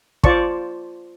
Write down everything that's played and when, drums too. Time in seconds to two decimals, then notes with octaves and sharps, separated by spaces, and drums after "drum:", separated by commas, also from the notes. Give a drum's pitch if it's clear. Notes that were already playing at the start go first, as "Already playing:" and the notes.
0.24 F4 C5 D5 A5 C#6, drum: kick